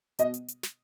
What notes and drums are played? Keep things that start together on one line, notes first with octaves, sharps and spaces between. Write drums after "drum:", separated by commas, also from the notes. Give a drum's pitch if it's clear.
B2 D#5, drum: hi-hat
drum: hi-hat
drum: hi-hat
drum: snare